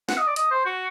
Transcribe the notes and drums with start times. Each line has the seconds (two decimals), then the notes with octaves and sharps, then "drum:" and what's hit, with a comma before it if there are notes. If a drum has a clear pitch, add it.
0.09 F#5, drum: snare
0.18 D#5
0.27 D5
0.36 D#5, drum: hi-hat
0.51 C5
0.66 F#4